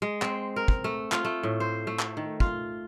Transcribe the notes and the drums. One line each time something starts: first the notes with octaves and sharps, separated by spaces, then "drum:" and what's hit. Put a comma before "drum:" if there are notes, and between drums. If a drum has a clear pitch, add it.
G#3
C4, drum: clap
A#4
drum: kick
A3
F4, drum: clap
A3
A2
C5
A3
drum: clap
D#3
F4, drum: kick